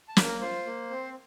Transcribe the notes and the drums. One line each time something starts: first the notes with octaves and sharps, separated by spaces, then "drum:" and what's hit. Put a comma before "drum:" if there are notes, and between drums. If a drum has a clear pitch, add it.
A5
A#3, drum: snare
A#4
F4 C5
A#3
C4